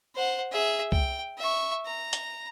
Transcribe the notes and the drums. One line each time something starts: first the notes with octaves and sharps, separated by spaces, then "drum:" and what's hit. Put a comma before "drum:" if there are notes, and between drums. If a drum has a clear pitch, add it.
C5 F#5
G#4 E5
G5, drum: kick C2
E5 C#6
A#5
drum: hi-hat